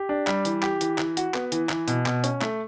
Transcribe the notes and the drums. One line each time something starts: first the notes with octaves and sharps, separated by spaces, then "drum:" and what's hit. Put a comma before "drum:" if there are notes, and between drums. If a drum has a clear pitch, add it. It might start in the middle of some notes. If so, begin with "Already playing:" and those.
Already playing: G4
D4
G3, drum: clap
E3, drum: hi-hat
G4, drum: clap
E3, drum: hi-hat
E3, drum: clap
F#4, drum: hi-hat
B3, drum: clap
E3, drum: hi-hat
E3, drum: clap
B2, drum: hi-hat
B2, drum: clap
C#4, drum: hi-hat
A3, drum: clap